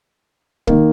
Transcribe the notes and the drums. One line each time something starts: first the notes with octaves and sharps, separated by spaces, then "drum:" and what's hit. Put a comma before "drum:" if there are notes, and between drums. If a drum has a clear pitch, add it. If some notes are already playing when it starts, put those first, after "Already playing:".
D#3 A#3, drum: kick